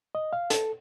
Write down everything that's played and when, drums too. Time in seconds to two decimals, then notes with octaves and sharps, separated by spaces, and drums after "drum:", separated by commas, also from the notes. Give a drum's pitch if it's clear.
0.15 D#5
0.33 F5
0.50 A4, drum: hi-hat